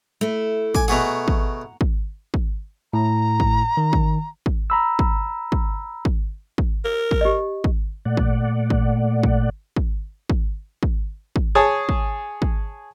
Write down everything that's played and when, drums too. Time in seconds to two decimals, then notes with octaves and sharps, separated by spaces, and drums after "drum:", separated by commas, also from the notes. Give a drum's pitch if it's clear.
0.21 A3 E4
0.75 G#5 D6, drum: kick
0.88 B2 A3 G#4 F#5 A#5
1.28 drum: kick
1.81 drum: kick
2.34 drum: kick
2.93 A2 A#5
3.40 drum: kick
3.77 D#3
3.93 drum: kick
4.46 drum: kick
4.70 A#5 B5 E6
4.99 drum: kick
5.52 drum: kick
6.05 drum: kick
6.58 drum: kick
6.85 A#4
7.11 drum: kick
7.21 G4 D#5
7.64 drum: kick
8.05 A#2 A3 D5 F#5
8.17 drum: kick
8.70 drum: kick
9.23 drum: kick
9.76 drum: kick
10.30 drum: kick
10.83 drum: kick
11.36 drum: kick
11.55 G#4 C#5 A5 D#6
11.89 drum: kick
12.42 drum: kick